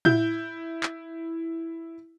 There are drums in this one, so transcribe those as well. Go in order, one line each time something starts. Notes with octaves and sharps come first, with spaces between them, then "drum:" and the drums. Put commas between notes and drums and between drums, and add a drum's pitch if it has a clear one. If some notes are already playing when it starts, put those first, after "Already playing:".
E4 G6, drum: tom
drum: clap